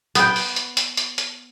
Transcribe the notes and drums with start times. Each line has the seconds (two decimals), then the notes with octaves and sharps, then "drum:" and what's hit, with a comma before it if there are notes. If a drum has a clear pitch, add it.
0.15 B3 G5, drum: hi-hat
0.36 drum: open hi-hat
0.56 drum: hi-hat
0.77 drum: hi-hat
0.97 drum: hi-hat
1.18 drum: hi-hat